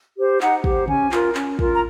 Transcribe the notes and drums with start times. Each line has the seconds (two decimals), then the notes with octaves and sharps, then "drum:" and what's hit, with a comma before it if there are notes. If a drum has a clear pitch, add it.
0.17 G4 C5
0.40 D#4 F#5, drum: clap
0.64 G4 C5, drum: kick
0.88 C#4 G#5, drum: tom C#3
1.12 F4 A#4, drum: clap
1.35 C#4, drum: clap
1.59 F4 A#4, drum: kick
1.75 A#5